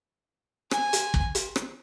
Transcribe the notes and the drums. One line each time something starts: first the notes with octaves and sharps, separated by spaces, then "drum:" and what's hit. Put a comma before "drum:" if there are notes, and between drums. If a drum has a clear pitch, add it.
G#5, drum: rim click
drum: hi-hat
drum: kick
drum: hi-hat
drum: rim click